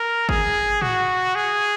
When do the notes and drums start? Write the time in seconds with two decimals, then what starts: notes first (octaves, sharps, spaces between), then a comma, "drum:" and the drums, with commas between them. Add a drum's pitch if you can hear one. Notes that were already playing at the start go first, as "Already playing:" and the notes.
Already playing: A#4
0.29 G#4, drum: kick
0.82 F#4, drum: tom
1.36 G#4